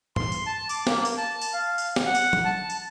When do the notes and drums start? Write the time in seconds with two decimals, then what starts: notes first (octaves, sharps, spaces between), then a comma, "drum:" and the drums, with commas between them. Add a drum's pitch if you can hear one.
0.16 C6, drum: tom
0.32 drum: tambourine
0.46 A5
0.69 D6, drum: tambourine
0.87 A#3, drum: snare
1.05 drum: tambourine
1.17 A5
1.42 drum: tambourine
1.53 F5
1.78 drum: tambourine
1.96 drum: snare
2.06 F#5
2.15 drum: tambourine
2.33 drum: tom
2.45 A5
2.70 drum: tambourine